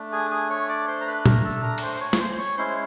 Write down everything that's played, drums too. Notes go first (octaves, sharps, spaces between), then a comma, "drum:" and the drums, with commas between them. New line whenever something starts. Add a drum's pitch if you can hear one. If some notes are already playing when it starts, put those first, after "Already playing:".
Already playing: A3 D4
G#4 G#5
G#4 G#5
C#5 C#6
D5 D6
C5 C6
A#5
B4 B5
A#4 A#5, drum: tom A#2
A4 A5
A#4 A#5
C#6, drum: cymbal
C5 C6
C#5 C#6
C#6, drum: snare
C5 C6
C6
C#5 C#6
G#3 C#4 E4 C5 C6